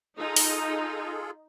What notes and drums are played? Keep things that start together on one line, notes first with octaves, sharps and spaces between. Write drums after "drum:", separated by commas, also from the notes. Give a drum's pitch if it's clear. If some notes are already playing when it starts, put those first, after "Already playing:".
D#4 F4 G#4 A4
drum: open hi-hat